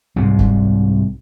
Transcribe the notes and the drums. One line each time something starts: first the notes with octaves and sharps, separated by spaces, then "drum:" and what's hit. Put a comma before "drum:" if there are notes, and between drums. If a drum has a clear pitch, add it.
C2 G#2 C3
drum: kick